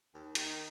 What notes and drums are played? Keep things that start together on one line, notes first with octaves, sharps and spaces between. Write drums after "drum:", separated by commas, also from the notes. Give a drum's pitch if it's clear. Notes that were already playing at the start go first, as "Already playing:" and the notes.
D#2
D#3, drum: hi-hat